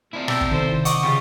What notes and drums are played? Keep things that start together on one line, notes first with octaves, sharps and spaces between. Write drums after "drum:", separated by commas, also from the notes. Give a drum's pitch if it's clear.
F3 E4 D5
B2 G5 A5 E6, drum: rim click
drum: kick
C3 D#3 A4 C5
D#5 F#5 C#6 D6, drum: hi-hat
C#3 G3 F4 G5